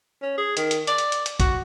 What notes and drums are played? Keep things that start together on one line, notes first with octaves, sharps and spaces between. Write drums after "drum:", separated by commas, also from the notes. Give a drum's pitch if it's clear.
C#4
G#4
D#3, drum: hi-hat
drum: hi-hat
D5, drum: hi-hat
drum: hi-hat
drum: hi-hat
drum: hi-hat
F#4, drum: kick, hi-hat